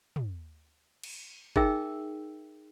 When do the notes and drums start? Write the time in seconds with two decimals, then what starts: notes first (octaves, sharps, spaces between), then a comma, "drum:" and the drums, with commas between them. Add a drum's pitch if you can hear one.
0.16 drum: tom
1.03 drum: cymbal
1.56 D#4 G#4 A#4 E5 G5 E6, drum: kick G1